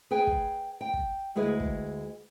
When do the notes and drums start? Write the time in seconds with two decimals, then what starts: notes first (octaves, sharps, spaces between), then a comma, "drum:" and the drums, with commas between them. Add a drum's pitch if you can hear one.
0.11 G#4 B4 G5 G#5
0.27 drum: kick
0.81 G5
0.94 drum: kick
1.35 D2 G#3 E4 G#4 B4
1.60 drum: kick